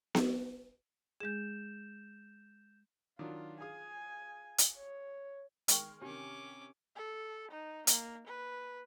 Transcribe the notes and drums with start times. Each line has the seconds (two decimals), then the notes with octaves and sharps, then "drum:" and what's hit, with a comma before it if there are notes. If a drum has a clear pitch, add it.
0.15 drum: snare B3
1.20 G#3 G#4 G6 E7
3.19 D#3 F#3 D4 F4
3.61 G#4 F5 G#5 D#6
4.58 drum: hi-hat
4.76 C#5
5.68 D#3 G#3 G5 C#6 F6, drum: hi-hat
6.02 C3 D#3 C#4 D4 G4 D6
6.96 A4
7.51 D#4
7.87 A#3, drum: hi-hat
8.27 B4